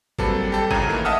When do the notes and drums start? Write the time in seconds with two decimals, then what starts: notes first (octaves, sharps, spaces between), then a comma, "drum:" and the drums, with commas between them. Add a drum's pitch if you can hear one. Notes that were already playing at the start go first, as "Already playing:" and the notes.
0.19 F#3 G3 A#3 C4 A4 B4, drum: kick G#1
0.51 G3 G4 A4
0.71 C2 F2 C#3 A#5 G#6 D#7, drum: kick G#1
0.88 D#3 E3 A3 A#3
1.05 D#5 E5 F#5 A5 D#6 F6